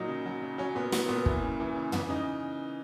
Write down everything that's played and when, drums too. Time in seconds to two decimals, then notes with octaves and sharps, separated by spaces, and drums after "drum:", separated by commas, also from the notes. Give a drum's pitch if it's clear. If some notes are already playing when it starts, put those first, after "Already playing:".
Already playing: A#2 F#3 D#4
0.08 C#3
0.26 F#3
0.42 C#3
0.58 F#3 C#4
0.75 A#2 B3
0.92 F#3 B3, drum: snare
1.09 A#2 B3
1.26 E3, drum: kick
1.43 C#3
1.60 E3
1.76 C#3
1.92 E3 B3, drum: tom
2.09 C#3 D#4